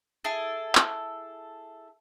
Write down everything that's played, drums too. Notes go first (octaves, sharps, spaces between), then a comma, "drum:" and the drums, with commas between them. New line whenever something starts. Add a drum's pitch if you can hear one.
E4 G#4 A4
drum: clap